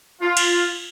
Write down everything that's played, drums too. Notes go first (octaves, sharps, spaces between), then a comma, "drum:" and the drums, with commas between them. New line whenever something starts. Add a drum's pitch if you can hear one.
F4
drum: cymbal